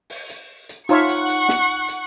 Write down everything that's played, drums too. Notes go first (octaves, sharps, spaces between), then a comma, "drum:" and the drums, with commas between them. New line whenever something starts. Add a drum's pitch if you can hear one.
drum: open hi-hat
drum: hi-hat
drum: hi-hat
D#4 F4 C#5 E5 F#5 A#5 C#6 D6, drum: hi-hat
drum: hi-hat
drum: hi-hat
drum: snare
drum: hi-hat